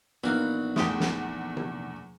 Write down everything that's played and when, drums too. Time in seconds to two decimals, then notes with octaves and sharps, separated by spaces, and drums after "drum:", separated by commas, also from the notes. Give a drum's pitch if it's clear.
0.24 A#1 E3 A#3 B3 D#4 F#4 F5
0.76 E2 G#3 A3 G4, drum: snare
1.00 drum: snare
1.57 drum: tom C3